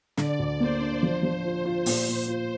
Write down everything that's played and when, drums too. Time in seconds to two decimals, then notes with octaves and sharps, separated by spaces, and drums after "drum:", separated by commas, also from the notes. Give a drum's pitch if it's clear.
0.17 D3 D5, drum: snare
0.39 D2
0.60 A#3 C5
0.81 D4
1.03 F3
1.23 F3
1.44 F4 C5
1.65 F4
1.86 A#2 C5, drum: open hi-hat
2.08 A#2
2.28 F4